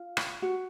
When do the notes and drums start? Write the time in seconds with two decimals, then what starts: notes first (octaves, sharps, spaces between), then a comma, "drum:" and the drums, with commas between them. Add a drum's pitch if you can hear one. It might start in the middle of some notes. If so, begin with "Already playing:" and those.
Already playing: F4
0.17 drum: rim click
0.42 F#4